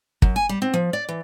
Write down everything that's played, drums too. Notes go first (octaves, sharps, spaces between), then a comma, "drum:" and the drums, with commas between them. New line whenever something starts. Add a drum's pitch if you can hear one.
F#2, drum: kick
G#5
G3
C4
F3
D5
E3